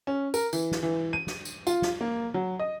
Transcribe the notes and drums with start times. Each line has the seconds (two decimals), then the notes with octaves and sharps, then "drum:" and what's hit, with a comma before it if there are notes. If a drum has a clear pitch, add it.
0.07 C#4
0.34 A#4, drum: tambourine
0.53 E3, drum: tambourine
0.71 drum: snare
0.83 E3
1.13 D#7
1.27 drum: snare
1.45 drum: tambourine
1.67 F4, drum: tambourine
1.82 drum: snare
2.01 A#3
2.34 F#3
2.60 D#5